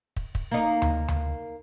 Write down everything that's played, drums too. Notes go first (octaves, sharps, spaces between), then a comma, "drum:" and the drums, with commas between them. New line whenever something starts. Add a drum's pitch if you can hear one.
drum: kick
drum: kick
A#3 D#4
drum: tom D2
drum: tom D2